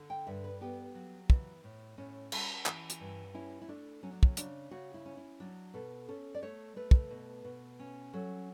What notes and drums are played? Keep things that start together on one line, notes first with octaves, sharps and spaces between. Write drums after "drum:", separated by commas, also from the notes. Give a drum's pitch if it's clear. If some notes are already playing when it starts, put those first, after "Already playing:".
Already playing: D3
G5
G2 E5
B4
B3 G4
F#3
E3, drum: kick
A2
A2 C#4
G3, drum: cymbal
E3, drum: clap
drum: hi-hat
G2
C#4 E4
E4
A3 D4
F#3 C#4
D4
C#4, drum: kick
C#3 D4, drum: hi-hat
C#3 F#4
E4
C#4
E4
F#3 D4
B2 A4
C#4 A4
D5
A3 C#5
A3 B4
drum: kick
B2
B2
C#4
F#3 A4